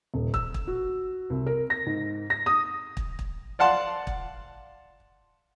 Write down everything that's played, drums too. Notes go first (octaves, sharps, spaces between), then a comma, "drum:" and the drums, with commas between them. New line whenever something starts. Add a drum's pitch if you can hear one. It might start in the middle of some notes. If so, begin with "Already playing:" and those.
D#1
E6, drum: kick
drum: kick
F#4
C2
A#4
A#6
G#2
A#6
D#6
drum: kick
drum: kick
D5 F5 F#5 A5 C6
drum: kick